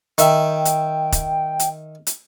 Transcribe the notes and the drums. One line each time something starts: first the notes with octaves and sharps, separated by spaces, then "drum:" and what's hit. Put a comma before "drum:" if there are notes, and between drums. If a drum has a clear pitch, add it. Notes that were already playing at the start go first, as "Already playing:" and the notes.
D#3 E5 G5, drum: hi-hat
drum: hi-hat
drum: kick, hi-hat
drum: hi-hat
drum: hi-hat